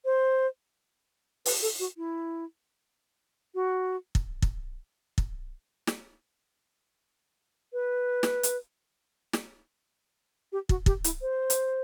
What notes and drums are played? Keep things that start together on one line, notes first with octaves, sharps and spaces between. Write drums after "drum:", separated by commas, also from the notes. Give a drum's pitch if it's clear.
C5
B4, drum: open hi-hat
A4
F#4
E4
F#4
drum: kick
drum: kick
drum: kick
drum: snare
B4
drum: snare
drum: hi-hat
drum: snare
G4
F#4, drum: kick
G4, drum: kick
E4, drum: hi-hat
C5
drum: hi-hat